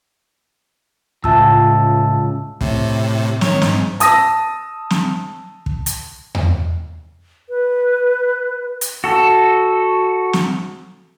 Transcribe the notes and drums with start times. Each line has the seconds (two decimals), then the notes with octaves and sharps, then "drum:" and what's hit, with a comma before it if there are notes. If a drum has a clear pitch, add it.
1.24 C#2 A2 F4 E5 A5 E6, drum: kick
2.61 A2 C3, drum: kick
3.41 D#3 C#5, drum: snare
3.62 G#2, drum: snare
4.00 A5 D#6 E6 A#6, drum: hi-hat
4.90 drum: snare
5.66 drum: kick
5.86 drum: hi-hat
6.35 drum: tom E2
7.50 B4
8.81 drum: hi-hat
9.04 F#4 A4
10.33 drum: snare